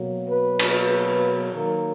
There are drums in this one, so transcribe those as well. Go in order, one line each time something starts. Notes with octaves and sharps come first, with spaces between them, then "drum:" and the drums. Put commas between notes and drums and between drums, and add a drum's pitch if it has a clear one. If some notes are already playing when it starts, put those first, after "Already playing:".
Already playing: B2 F#3 A#3
B4
drum: cymbal
B4
D#3 F#3 A#3 A#4